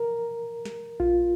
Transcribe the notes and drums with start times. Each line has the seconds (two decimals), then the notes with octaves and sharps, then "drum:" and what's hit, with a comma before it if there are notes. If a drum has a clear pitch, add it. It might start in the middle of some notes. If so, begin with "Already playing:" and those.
Already playing: A#4
0.65 drum: snare
1.00 F4, drum: kick A#1